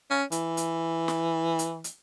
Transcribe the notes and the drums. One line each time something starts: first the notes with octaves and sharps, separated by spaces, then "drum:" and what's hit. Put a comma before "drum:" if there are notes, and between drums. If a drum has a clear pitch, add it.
C#4
E3, drum: hi-hat
drum: hi-hat
drum: snare
drum: hi-hat
drum: hi-hat